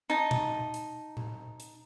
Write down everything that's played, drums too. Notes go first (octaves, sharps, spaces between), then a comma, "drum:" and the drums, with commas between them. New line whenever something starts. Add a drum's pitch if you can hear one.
D#4 A5
drum: tom A#2
drum: hi-hat
drum: tom A#2
drum: hi-hat